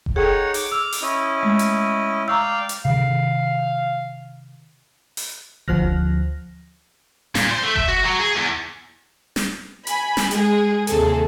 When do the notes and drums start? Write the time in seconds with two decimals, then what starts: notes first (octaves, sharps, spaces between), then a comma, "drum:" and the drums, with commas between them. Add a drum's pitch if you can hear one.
0.06 drum: kick F1
0.16 D#4 G#4 A4 C#5 F#5 G5
0.54 D6, drum: open hi-hat
0.72 D6 E6 F6
0.92 drum: open hi-hat
1.02 C#4 E4 D#5
1.43 G#3 A3
1.59 drum: hi-hat
2.28 D5 F5 G5 A#5 C#6 E6
2.69 drum: hi-hat
2.85 C3 D#3 F5
5.17 drum: open hi-hat
5.68 D2 F3 C5 F6 F#6 A#6, drum: kick F1
7.35 A#2, drum: snare
7.51 C5
7.63 A3
7.76 E5, drum: kick F1
7.88 F#4
8.05 F#3
8.19 G#4
8.36 E2
9.36 drum: snare
9.87 G#5 B5, drum: hi-hat
10.17 drum: snare
10.31 G#3 G#4, drum: hi-hat
10.87 D#2 C3 G#4 A4, drum: hi-hat